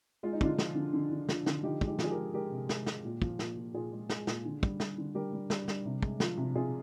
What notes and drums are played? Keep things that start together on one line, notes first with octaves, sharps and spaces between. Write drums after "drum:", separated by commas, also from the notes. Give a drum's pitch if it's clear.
G#3 F4
D#4
D3 D4 F4, drum: kick
F3, drum: snare
D3
D3
D3
F3, drum: snare
D3, drum: snare
F3 D#4 G4
G#3, drum: kick
D#4 G4
F3, drum: snare
G#4
G4 A#4
G#3
G#3 G4 A#4
C3
G#3, drum: snare
G#3, drum: snare
A#2
F3, drum: kick
A#2, drum: snare
A#2
A#2 F4 G#4
G#3
G#3, drum: snare
A#2, drum: snare
D3
G3, drum: kick
G3, drum: snare
D3
G3 G4 A#4
G3
G3, drum: snare
G3, drum: snare
C3
G#3, drum: kick
F3, drum: snare
C3
C3 F4 G#4